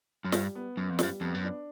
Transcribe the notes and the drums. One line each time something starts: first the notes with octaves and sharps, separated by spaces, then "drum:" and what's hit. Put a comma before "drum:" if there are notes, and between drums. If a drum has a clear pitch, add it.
F#2
G2 G3, drum: snare
B3
F#2 B3
F2
F#2 G3, drum: snare
F2 B3
F#2
D4